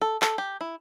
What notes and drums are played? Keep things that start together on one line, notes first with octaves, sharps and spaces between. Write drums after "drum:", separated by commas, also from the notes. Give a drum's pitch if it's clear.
A4
A4, drum: clap
G4
E4